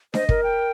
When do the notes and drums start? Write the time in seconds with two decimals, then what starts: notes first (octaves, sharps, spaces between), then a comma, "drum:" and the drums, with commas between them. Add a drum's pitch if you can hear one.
0.14 C5 D#5, drum: snare D4
0.29 A#4, drum: kick
0.43 G5